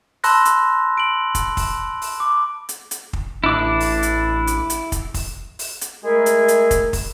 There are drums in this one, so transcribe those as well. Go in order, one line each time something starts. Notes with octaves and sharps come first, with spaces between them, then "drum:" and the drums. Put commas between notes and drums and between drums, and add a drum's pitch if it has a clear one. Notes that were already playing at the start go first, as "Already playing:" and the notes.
A5 B5 C6 E6 F#6 A#6, drum: open hi-hat
drum: hi-hat
D7 F#7
drum: kick, hi-hat
drum: kick, open hi-hat
drum: open hi-hat
D6
drum: hi-hat
drum: hi-hat
drum: kick
A1 D4 E4 D6
drum: open hi-hat
drum: hi-hat
drum: hi-hat
drum: hi-hat
drum: kick, hi-hat
drum: kick, open hi-hat
drum: open hi-hat
drum: hi-hat
G#3 A3 E4 G#4 A#4
drum: hi-hat
drum: hi-hat
drum: kick, hi-hat
drum: kick, open hi-hat